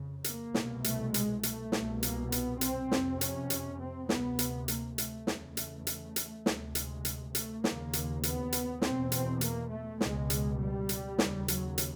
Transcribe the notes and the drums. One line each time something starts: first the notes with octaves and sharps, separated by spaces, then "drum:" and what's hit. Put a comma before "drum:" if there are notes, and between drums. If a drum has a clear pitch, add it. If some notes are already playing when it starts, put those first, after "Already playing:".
Already playing: F2 C#3
A#3, drum: hi-hat
C2 B2, drum: snare
A3, drum: hi-hat
G#3, drum: hi-hat
A3, drum: hi-hat
C2 B2, drum: snare
A#3, drum: hi-hat
B3, drum: hi-hat
C4, drum: hi-hat
F2 C3, drum: snare
C#4, drum: hi-hat
drum: hi-hat
C4
D2 C3 B3, drum: snare
drum: hi-hat
A#3, drum: hi-hat
A3, drum: hi-hat
E2 C#3, drum: snare
A3, drum: hi-hat
A3, drum: hi-hat
drum: hi-hat
D2 C3, drum: snare
G#3, drum: hi-hat
drum: hi-hat
A3, drum: hi-hat
D#2 C#3 A#3, drum: snare
drum: hi-hat
B3, drum: hi-hat
drum: hi-hat
E2 B2 C4, drum: snare
C4, drum: hi-hat
A#3, drum: hi-hat
A3
C#2 B2 G#3, drum: snare
drum: hi-hat
G3
drum: hi-hat
D#2 C#3, drum: snare
F#3, drum: hi-hat
drum: hi-hat